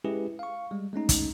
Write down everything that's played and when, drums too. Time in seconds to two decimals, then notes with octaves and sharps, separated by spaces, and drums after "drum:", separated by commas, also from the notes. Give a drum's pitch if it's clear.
0.04 G#3 C#4 E4 G4 G#4 B4
0.39 F5 C#6
0.71 G3 G#3
0.93 G#3 A3 C#4 D#4
1.09 drum: kick, hi-hat